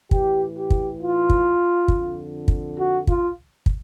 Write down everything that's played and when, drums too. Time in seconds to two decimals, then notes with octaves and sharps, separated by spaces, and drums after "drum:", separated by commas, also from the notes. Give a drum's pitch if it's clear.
0.11 A2 E3 G4, drum: kick
0.55 G4
0.70 drum: kick
1.00 F4
1.30 drum: kick
1.88 F2 D3, drum: kick
2.48 drum: kick
2.78 F#4
3.07 F4, drum: kick
3.66 drum: kick